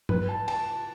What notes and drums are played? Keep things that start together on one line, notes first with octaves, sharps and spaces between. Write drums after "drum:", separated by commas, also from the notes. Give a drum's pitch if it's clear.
B4, drum: tom G2
A5
A5, drum: cymbal